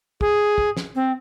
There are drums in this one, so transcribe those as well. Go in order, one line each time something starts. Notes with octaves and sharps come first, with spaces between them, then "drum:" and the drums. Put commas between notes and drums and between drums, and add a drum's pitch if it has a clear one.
G#4, drum: kick
drum: kick
drum: snare
C4